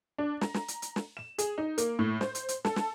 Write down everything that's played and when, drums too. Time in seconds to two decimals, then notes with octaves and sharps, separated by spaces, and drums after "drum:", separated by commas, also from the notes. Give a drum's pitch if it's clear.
0.18 D4
0.41 A#5, drum: snare
0.54 drum: snare
0.68 drum: hi-hat
0.82 drum: hi-hat
0.96 drum: snare
1.17 E7
1.38 G#4, drum: hi-hat
1.58 D#4
1.78 A#3, drum: hi-hat
1.99 A2
2.21 C5, drum: snare
2.35 drum: hi-hat
2.49 drum: hi-hat
2.65 A4, drum: snare
2.76 drum: snare